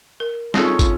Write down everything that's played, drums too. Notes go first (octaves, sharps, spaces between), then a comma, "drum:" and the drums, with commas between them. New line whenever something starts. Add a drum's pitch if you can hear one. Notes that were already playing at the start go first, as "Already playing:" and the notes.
A#4
G2 C4 C#4 D#4 F4 G#4 A4 D#5, drum: snare
drum: kick, tambourine